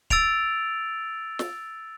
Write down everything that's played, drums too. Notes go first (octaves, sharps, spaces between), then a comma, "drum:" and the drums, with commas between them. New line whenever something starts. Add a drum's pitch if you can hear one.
E6 A6 D7 F7, drum: kick
drum: snare